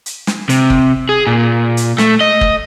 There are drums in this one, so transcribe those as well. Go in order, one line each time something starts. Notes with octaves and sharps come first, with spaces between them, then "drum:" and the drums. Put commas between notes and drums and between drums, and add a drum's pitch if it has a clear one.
drum: hi-hat
drum: snare
C3, drum: hi-hat
drum: kick
G#4
A#2
drum: hi-hat
A3, drum: snare
D#5
drum: kick